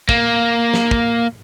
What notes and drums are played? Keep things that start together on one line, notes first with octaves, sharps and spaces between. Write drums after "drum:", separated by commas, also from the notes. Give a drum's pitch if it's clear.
A#3, drum: kick
drum: snare
drum: kick